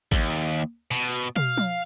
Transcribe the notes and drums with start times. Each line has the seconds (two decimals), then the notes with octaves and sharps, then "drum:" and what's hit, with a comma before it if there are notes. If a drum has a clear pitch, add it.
0.12 D#2, drum: kick G#1
0.91 B2
1.36 F5, drum: tom
1.57 drum: tom F3